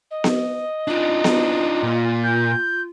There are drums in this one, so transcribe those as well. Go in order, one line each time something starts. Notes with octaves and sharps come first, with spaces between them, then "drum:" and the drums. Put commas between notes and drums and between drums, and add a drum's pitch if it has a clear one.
D#5
drum: snare B3
D4 D#4 F4
drum: snare B3
A#2
G6